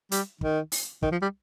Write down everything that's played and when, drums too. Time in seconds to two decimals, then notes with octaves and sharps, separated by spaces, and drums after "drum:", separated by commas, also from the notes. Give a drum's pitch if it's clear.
0.12 G3, drum: hi-hat
0.41 D#3, drum: kick
0.72 drum: open hi-hat
1.02 D#3, drum: kick
1.11 F3
1.22 G3